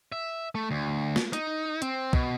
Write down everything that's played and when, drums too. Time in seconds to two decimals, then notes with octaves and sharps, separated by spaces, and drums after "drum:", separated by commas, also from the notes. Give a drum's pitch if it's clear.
0.12 E5
0.55 A3
0.71 D2
1.16 drum: snare
1.33 D#4, drum: hi-hat
1.82 C4, drum: hi-hat
2.13 B2, drum: kick